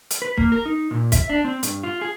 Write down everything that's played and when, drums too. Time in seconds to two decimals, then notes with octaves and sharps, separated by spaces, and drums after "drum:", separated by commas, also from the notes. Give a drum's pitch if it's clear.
0.11 drum: hi-hat
0.22 B4
0.37 A#3, drum: kick
0.52 A#4
0.66 D#4
0.91 A#2
1.12 E5, drum: kick, hi-hat
1.30 D4
1.45 C4
1.63 G2, drum: hi-hat
1.83 F4
2.01 G#4